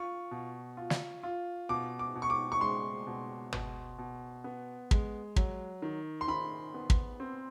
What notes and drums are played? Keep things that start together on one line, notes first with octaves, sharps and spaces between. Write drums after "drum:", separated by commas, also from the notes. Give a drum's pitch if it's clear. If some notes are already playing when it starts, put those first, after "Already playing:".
Already playing: F4 C#6
B2
F4
drum: snare
F4
B2 D6
D6
B2
C#6
D6
C#6
G#3 C6
B2
B2, drum: tom
B2
B3
G#3, drum: kick
F#3, drum: kick
D#3
C6
D#3 B5
B3
drum: kick
C4